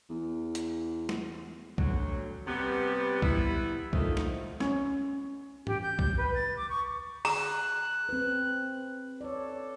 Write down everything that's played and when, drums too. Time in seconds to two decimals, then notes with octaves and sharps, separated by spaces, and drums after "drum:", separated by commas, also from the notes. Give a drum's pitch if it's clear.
0.10 E2
0.55 drum: hi-hat
1.09 drum: snare
1.78 D2 F#3, drum: kick B1
2.48 C3 G3 B3
3.22 G3 B3 E4, drum: kick B1
3.93 A#2 D#3 F3 A3 D#4, drum: kick B1
4.17 drum: snare
4.60 C#4, drum: snare
5.67 G4, drum: tom G#2
5.82 G6
5.99 drum: kick B1
6.18 B4
6.35 A6
6.57 D6
6.69 C#6
7.25 G#4 A#5 F#6, drum: open hi-hat
8.09 C4 B4
9.21 A4 C#5 D5